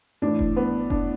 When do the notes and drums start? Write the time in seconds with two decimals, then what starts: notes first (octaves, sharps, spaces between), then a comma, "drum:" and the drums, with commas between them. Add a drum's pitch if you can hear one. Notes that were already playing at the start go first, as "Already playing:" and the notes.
0.22 A2 E3 D4
0.39 drum: kick F1
0.56 B3
0.90 D4, drum: kick F1